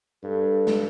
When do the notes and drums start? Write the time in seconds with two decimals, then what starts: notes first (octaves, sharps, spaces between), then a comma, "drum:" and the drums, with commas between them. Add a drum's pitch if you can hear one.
0.24 G2 A4
0.67 drum: snare